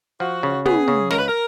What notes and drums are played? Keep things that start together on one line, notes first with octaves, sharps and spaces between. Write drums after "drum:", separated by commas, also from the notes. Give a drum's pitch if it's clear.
F3 F#4
C#3
B3 G#4, drum: tom
C#3
C#2 A#4, drum: snare
B4
A#4